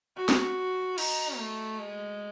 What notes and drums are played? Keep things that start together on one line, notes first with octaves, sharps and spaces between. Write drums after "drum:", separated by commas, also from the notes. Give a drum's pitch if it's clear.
F#4
drum: snare
D#4, drum: cymbal
A3
G#3